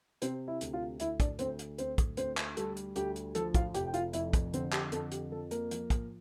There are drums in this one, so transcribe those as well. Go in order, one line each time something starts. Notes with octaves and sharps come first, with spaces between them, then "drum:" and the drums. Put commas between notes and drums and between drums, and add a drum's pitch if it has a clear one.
C3 C4 C5, drum: hi-hat
E4 E5
D2, drum: hi-hat
F4 F5
D2 E4 E5, drum: hi-hat
D4 D5, drum: kick, hi-hat
D2 C4 C5, drum: hi-hat
drum: hi-hat
D2 C4 C5, drum: hi-hat
drum: kick, hi-hat
D2 C4 C5, drum: hi-hat
drum: clap
G3 A4, drum: hi-hat
drum: hi-hat
D2 G4, drum: hi-hat
drum: hi-hat
F3 A4, drum: hi-hat
F4 F5, drum: kick, hi-hat
F1 G4 G5, drum: hi-hat
G5
F4 F5, drum: hi-hat
F2 E4 E5, drum: hi-hat
drum: kick, hi-hat
D3 C4 C5, drum: hi-hat
G4, drum: clap
F2 A4, drum: hi-hat
G4, drum: hi-hat
F3 A4
A#3 A#4, drum: hi-hat
F3, drum: hi-hat
drum: kick, hi-hat